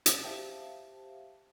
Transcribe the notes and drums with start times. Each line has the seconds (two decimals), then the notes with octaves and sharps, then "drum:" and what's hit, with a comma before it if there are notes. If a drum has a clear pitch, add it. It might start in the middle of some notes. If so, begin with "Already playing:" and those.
0.06 drum: hi-hat
0.24 G4 C5 E5 F5 G5 A5